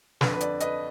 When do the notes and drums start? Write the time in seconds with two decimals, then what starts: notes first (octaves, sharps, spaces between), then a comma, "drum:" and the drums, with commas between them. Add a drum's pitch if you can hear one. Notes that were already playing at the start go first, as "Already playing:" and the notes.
0.21 F2 D3 B4, drum: snare
0.33 B4
0.41 D5, drum: hi-hat
0.60 B4 D#5, drum: hi-hat